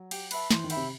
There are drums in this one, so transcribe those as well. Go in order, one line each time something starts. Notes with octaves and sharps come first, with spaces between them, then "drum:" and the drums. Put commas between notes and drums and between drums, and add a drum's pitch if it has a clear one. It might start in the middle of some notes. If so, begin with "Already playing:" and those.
Already playing: F#3
G4, drum: cymbal
B4 E5 A5, drum: cymbal
E3 C5, drum: snare
D#3
E5 G5 B5, drum: cymbal
C3